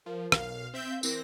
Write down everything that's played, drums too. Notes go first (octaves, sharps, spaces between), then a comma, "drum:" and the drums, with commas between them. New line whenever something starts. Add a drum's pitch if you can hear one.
F3 A#4
B1 F5, drum: rim click
C4 E5 G6
F5
E3 C4 A#4 A#6, drum: tambourine